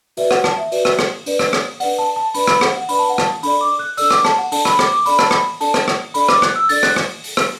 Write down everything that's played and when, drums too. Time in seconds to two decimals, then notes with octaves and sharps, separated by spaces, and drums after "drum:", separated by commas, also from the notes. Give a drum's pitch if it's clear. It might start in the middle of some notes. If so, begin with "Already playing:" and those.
0.17 F#4 B4 D5 E5, drum: open hi-hat
0.31 F#5, drum: rim click
0.44 A5, drum: rim click
0.58 E5
0.72 F#4 B4 D5, drum: open hi-hat
0.85 drum: rim click
0.99 drum: rim click
1.26 D4 B4 D5, drum: open hi-hat
1.39 drum: rim click
1.53 drum: rim click
1.80 D4 B4 D5 F#5, drum: open hi-hat
1.98 A5
2.16 A5
2.34 D4 B4 D5 B5, drum: open hi-hat
2.47 B5, drum: rim click
2.61 F#5, drum: rim click
2.76 F#5
2.89 D4 B4 D5 B5, drum: open hi-hat
2.99 A5
3.09 F#5
3.18 A5, drum: rim click
3.43 D4 A4 D5 B5, drum: open hi-hat
3.61 D6
3.79 F#6
3.97 D4 A4 D5 E6, drum: open hi-hat
4.11 D6, drum: rim click
4.25 A5, drum: rim click
4.38 F#5
4.52 D4 A4 D5 A5, drum: open hi-hat
4.65 B5, drum: rim click
4.79 D6, drum: rim click
4.92 D6
5.06 D4 A4 D5 B5, drum: open hi-hat
5.19 A5, drum: rim click
5.31 B5, drum: rim click
5.61 D4 A4 D5 A5, drum: open hi-hat
5.74 drum: rim click
5.88 drum: rim click
6.14 D4 A4 D5 B5, drum: open hi-hat
6.29 D6, drum: rim click
6.42 F#6, drum: rim click
6.56 E6
6.69 D4 A4 D5 A6, drum: open hi-hat
6.83 F#6, drum: rim click
6.96 drum: rim click
7.24 drum: open hi-hat
7.37 drum: rim click